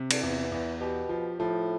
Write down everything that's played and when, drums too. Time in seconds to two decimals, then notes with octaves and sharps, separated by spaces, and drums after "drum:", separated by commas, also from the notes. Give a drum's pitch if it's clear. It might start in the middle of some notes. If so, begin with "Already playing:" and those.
Already playing: C3
0.11 D3, drum: cymbal
0.22 E2 E3
0.51 E2
0.80 B2 G4
1.09 F3
1.39 A2 F3